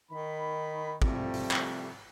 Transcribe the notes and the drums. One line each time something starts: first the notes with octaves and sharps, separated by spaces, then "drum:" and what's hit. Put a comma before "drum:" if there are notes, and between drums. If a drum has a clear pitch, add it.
D#3 B5
C3 F3 G3 A3, drum: kick
drum: open hi-hat
drum: clap